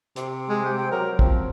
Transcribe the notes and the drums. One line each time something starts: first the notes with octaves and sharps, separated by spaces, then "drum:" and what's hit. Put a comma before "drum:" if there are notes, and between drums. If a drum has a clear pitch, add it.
C3, drum: hi-hat
G#3
G4
G5
F#3 A#4
F3 C4, drum: kick